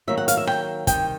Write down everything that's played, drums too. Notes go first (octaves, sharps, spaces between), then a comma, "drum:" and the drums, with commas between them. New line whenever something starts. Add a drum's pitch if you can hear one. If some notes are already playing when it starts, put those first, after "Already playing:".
D#3 F#3 A#3 E5
F#5
F5, drum: hi-hat
E5
G5, drum: rim click
C3 D#3 G3 G5, drum: kick, hi-hat